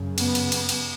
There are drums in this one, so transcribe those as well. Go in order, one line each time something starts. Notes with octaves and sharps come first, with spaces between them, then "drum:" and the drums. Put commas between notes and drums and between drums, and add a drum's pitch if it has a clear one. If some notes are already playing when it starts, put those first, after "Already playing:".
Already playing: F#2 C#3
B3, drum: cymbal
drum: cymbal
drum: cymbal
drum: cymbal